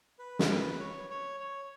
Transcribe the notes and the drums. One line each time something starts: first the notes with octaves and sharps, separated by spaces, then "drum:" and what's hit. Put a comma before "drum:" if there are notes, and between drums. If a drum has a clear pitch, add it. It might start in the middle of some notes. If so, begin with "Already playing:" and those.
B4
drum: snare
B4
C#5
C#5
C#5